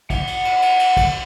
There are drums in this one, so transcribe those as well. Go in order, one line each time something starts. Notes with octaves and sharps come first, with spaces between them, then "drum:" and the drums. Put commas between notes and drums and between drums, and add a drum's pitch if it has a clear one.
F#5, drum: kick, cymbal
drum: cymbal
drum: cymbal
drum: cymbal
drum: cymbal
drum: kick, cymbal